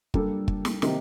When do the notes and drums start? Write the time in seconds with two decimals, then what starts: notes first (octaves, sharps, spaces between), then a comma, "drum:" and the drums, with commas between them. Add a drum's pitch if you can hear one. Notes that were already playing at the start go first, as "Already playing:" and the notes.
0.14 G3 A#3 D4 A4, drum: kick
0.48 drum: kick
0.65 drum: snare
0.82 C3 D#3 A#3 D#4 G4, drum: snare